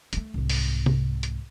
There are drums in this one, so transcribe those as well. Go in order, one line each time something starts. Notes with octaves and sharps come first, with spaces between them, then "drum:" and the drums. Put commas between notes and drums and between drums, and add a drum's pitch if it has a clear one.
A3 C4, drum: hi-hat
C2 G#2
drum: open hi-hat
drum: tom C3
drum: hi-hat